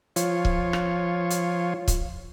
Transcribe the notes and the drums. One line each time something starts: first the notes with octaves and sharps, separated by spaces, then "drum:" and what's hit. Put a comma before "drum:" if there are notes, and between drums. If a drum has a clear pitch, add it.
F3 F4 C#5, drum: hi-hat
drum: kick C#1
drum: rim click
drum: hi-hat
drum: kick C#1, hi-hat